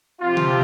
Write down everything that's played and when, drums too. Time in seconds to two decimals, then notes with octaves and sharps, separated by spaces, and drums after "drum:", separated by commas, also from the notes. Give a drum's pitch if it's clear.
0.20 C3 F3 C4 F4 G4
0.37 drum: tom C#3